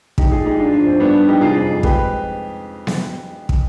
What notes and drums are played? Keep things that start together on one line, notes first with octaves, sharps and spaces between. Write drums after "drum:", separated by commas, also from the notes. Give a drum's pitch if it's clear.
G#3 D#4 G4, drum: kick
G#3 F4 G#4
G#3 D#4 G4
G#2 D4 F4
F3 D4 F4
G#2 C4
G3 B3 D4
G3
G3 D#4 G4
C3 F4 G#4
F2
F2
G#3 G4 B4, drum: kick
drum: snare B3
drum: kick